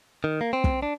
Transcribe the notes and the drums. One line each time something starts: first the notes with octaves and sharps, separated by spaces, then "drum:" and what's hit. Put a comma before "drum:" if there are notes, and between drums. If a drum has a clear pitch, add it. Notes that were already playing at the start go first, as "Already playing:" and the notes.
D#3
A#3
C4
drum: kick
D4